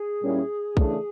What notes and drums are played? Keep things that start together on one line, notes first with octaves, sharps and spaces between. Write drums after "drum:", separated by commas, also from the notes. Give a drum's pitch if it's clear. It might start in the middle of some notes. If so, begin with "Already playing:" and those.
Already playing: G#4
A#2 G3 A#3 C#4 E4
C#3 E3 A3 D4, drum: kick B1